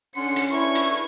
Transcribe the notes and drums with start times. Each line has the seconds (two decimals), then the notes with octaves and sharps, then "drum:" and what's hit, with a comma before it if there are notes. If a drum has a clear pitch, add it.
0.16 D3 C#4 F#5 C6 C#7
0.36 drum: hi-hat
0.52 D4 E4 B4 C#6 G#6
0.75 drum: hi-hat